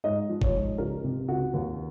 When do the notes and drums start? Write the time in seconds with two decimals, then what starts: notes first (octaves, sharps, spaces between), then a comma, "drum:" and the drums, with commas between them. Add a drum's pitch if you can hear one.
0.04 G#2 D#5
0.29 F3
0.42 C#5, drum: kick G1
0.54 G#2
0.78 C#2 A#4
1.04 C3
1.28 C#2 F#4
1.54 D#2